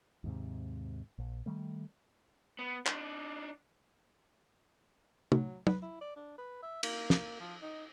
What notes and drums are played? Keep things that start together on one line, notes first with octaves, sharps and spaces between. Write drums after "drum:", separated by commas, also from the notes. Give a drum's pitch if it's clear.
D#2 G#2 C3
A#1
D#3 G3 A3
B3
D4 D#4, drum: clap
F#3, drum: tom C3
B4, drum: tom
E4
D5
D4
B4
E5
A#3, drum: cymbal
drum: snare
F3
D#4